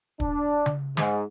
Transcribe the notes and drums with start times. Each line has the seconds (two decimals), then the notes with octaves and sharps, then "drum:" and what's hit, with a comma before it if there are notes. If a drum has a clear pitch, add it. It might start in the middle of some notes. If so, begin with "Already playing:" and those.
0.20 D4, drum: kick
0.66 drum: tom C#3
0.97 G#2, drum: snare